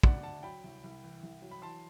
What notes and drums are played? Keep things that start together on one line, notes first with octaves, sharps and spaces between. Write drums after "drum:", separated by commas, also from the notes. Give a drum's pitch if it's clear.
D2 D5 F#5, drum: kick
D2 F#5 A5
F#3 G5 B5
C2
C2
E3
C2
F#3
B5
E3 A5 C6